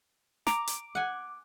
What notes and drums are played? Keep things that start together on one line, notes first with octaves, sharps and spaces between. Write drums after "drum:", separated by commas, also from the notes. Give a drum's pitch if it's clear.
A#5 D6, drum: snare
drum: hi-hat
F#5 G#5